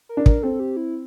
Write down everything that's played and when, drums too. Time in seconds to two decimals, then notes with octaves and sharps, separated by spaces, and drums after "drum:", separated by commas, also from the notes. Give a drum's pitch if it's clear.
0.09 A#4
0.17 D4
0.26 A#4, drum: kick
0.42 C4 A4
0.60 G4
0.77 E4